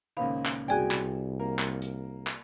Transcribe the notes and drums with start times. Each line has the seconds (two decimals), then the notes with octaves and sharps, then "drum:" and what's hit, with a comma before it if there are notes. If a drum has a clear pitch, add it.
0.17 C#2 A#2 D#3 C5 F5 B5
0.46 drum: clap
0.68 C2 F#4 G#4 D5 G5 G#5
0.91 drum: clap
1.39 A#3 A#4
1.59 drum: clap
1.82 drum: hi-hat
2.27 drum: clap